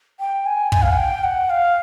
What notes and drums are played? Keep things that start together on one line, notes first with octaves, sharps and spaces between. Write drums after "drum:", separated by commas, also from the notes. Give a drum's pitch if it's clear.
G5
G#5
G#5, drum: kick
F5
F#5
G5
F#5
F5